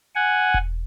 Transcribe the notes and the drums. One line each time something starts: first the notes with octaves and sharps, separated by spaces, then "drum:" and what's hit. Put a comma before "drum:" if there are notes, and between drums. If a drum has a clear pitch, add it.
F#5 G#5
drum: kick E1